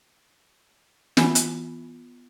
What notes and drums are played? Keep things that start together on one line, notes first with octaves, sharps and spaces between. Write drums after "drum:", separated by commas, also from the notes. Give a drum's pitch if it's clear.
E3 B3 F4 G#5 B5, drum: snare
drum: hi-hat